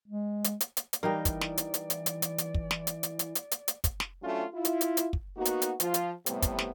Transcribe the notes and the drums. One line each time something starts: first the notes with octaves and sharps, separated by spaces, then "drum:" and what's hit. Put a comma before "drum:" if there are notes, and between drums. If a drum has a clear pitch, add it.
G#3
drum: hi-hat
drum: hi-hat
drum: hi-hat
drum: hi-hat
E3 G3 A#3 D#4 A#4 D5 G5
drum: kick, hi-hat
drum: snare
drum: hi-hat
drum: hi-hat
drum: hi-hat
drum: hi-hat
drum: hi-hat
drum: hi-hat
drum: kick
drum: snare
drum: hi-hat
drum: hi-hat
drum: hi-hat
drum: hi-hat
drum: hi-hat
drum: hi-hat
drum: kick, hi-hat
drum: snare
F#3 A3 C#4 D4 F4 F#4
E4 F4
drum: hi-hat
drum: hi-hat
drum: hi-hat
drum: kick
A#3 B3 D#4 F#4
drum: hi-hat
drum: hi-hat
F3 F4, drum: hi-hat
drum: hi-hat
A2 C3 G3 A3 B3, drum: hi-hat
drum: kick, hi-hat
drum: snare